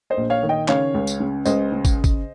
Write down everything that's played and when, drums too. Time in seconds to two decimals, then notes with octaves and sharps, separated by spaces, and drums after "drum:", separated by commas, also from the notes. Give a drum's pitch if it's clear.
0.10 C5 D#5
0.17 A#1
0.30 C#5 F5
0.43 D#3
0.49 D#5 G5
0.68 C#3 C#5 F5, drum: clap
0.94 C#2
1.07 drum: tambourine
1.20 C#3
1.46 C#2 C5 D#5, drum: tambourine
1.72 C#3
1.85 drum: kick, tambourine
2.04 drum: kick, tambourine